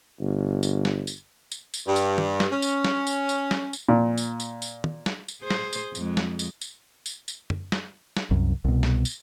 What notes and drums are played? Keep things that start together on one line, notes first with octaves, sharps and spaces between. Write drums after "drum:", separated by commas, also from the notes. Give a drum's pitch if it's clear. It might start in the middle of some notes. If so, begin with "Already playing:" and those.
G1
drum: tambourine
drum: snare
drum: tambourine
drum: tambourine
drum: tambourine
G2
drum: tambourine
drum: tom
drum: snare
C#4
drum: tambourine
drum: snare
drum: tambourine
drum: tambourine
drum: snare
drum: tambourine
A#2
drum: tambourine
drum: tambourine
drum: tambourine
drum: tom
drum: snare
drum: tambourine
G#4 C5
drum: snare
drum: tambourine
F2 G#3, drum: tambourine
drum: snare
drum: tambourine
drum: tambourine
drum: tambourine
drum: tambourine
drum: tom F#2
drum: snare
drum: snare
C2 F#2
C2 B2
drum: snare
drum: tambourine